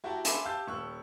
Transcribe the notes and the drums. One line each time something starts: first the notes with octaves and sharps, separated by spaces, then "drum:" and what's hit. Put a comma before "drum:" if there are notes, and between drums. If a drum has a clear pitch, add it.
E4 F#4 G4 G5 A5 A#5
E5 F5 G#5 B5 C6 D6, drum: hi-hat
G4 F5 A5 E6 F6 G6
D#1 C#6 E6 F#6